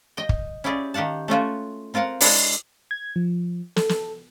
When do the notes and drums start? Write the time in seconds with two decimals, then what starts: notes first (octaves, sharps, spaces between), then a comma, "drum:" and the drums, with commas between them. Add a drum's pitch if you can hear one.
0.17 D#5 G5
0.29 drum: kick
0.64 C#4 E4 G4 G#4 D5
0.94 D#3 G4 F5 F#5 A5
1.28 A3 C#4 F4 F#4
1.94 C4 F4 A#4 F5 F#5
2.21 G#3 D4 E4 F#4 C#5 D5, drum: open hi-hat
2.91 G#6
3.16 F3
3.76 A4, drum: snare
3.89 drum: snare